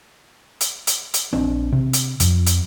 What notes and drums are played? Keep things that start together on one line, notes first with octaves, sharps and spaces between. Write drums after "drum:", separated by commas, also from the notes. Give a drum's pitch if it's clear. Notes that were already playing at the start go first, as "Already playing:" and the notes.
drum: hi-hat
drum: hi-hat
drum: hi-hat
A#1 C4 D4
C3
drum: hi-hat
F2, drum: hi-hat
drum: hi-hat